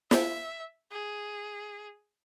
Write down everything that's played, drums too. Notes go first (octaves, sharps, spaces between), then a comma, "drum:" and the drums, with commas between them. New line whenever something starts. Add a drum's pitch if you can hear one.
E5, drum: snare
G#4